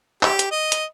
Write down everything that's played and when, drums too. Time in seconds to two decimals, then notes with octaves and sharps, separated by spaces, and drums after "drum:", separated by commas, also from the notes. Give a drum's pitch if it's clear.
0.23 G4, drum: clap
0.39 drum: hi-hat
0.51 D#5
0.72 drum: hi-hat